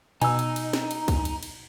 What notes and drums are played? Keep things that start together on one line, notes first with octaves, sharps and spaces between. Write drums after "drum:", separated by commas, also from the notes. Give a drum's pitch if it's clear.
B2 D#4 G#5 E6, drum: cymbal
drum: cymbal
drum: cymbal
drum: snare
drum: cymbal
drum: kick, cymbal
drum: cymbal
drum: cymbal